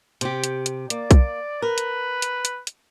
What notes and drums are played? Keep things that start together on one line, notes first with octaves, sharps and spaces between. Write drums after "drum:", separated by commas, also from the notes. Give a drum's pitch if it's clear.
C3 G4, drum: hi-hat
drum: hi-hat
drum: hi-hat
A#3 D5, drum: hi-hat
drum: kick B1, hi-hat
A#4 B4
drum: hi-hat
drum: hi-hat
drum: hi-hat
drum: hi-hat